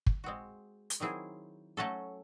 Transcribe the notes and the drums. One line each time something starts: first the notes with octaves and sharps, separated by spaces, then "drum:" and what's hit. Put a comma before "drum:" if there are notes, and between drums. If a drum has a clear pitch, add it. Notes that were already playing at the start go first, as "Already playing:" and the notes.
drum: kick
G#3 C4 F#4
drum: hi-hat
D#3 F#3 C4 E4 G#4
F#3 A3 C#4 F#4 A4